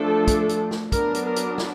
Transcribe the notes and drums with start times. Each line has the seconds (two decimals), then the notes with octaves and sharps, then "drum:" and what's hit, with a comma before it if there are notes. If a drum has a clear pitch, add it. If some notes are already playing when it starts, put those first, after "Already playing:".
Already playing: F3 A3 D4 A4
0.28 drum: kick, hi-hat
0.49 drum: hi-hat
0.71 drum: snare
0.92 F#3 B3 D4 A#4, drum: kick, hi-hat
1.15 drum: hi-hat
1.26 A#4
1.36 drum: hi-hat
1.58 drum: snare